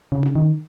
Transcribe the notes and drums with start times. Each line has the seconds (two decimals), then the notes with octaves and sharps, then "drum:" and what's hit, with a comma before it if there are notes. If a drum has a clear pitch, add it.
0.12 C#3
0.23 drum: tom C#4
0.35 D#3